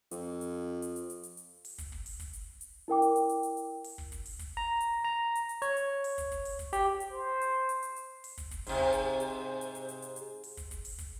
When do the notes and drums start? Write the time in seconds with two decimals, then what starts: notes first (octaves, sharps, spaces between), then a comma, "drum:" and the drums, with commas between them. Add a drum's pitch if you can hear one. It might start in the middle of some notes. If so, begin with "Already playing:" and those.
0.11 F2, drum: hi-hat
0.41 drum: hi-hat
0.82 drum: hi-hat
0.96 drum: hi-hat
1.10 drum: hi-hat
1.23 drum: hi-hat
1.37 drum: hi-hat
1.65 drum: open hi-hat
1.78 drum: kick, hi-hat
1.92 drum: kick
2.06 drum: open hi-hat
2.20 drum: kick, hi-hat
2.33 drum: hi-hat
2.61 drum: hi-hat
2.88 E4 A#4 G5 D6
3.02 drum: hi-hat
3.16 drum: hi-hat
3.29 drum: hi-hat
3.43 drum: hi-hat
3.57 drum: hi-hat
3.84 drum: open hi-hat
3.98 drum: kick
4.12 drum: kick, hi-hat
4.26 drum: open hi-hat
4.39 drum: kick, hi-hat
4.57 A#5
4.80 drum: hi-hat
5.04 A#5
5.35 drum: hi-hat
5.49 drum: hi-hat
5.62 C#5, drum: hi-hat
5.77 drum: hi-hat
6.04 drum: open hi-hat
6.18 drum: kick, hi-hat
6.32 drum: kick, hi-hat
6.45 drum: open hi-hat
6.59 drum: kick, hi-hat
6.73 G4, drum: hi-hat
7.00 drum: hi-hat
7.11 C5
7.41 drum: hi-hat
7.69 drum: hi-hat
7.83 drum: hi-hat
7.96 drum: hi-hat
8.24 drum: open hi-hat
8.38 drum: kick, hi-hat
8.51 drum: kick, hi-hat
8.67 G#2 C3, drum: open hi-hat
8.79 drum: kick
8.92 drum: hi-hat
9.20 drum: hi-hat
9.61 drum: hi-hat
9.75 drum: hi-hat
9.89 drum: hi-hat
10.02 drum: hi-hat
10.16 drum: hi-hat
10.44 drum: open hi-hat
10.57 drum: kick, hi-hat
10.71 drum: kick, hi-hat
10.85 drum: open hi-hat
10.98 drum: kick, hi-hat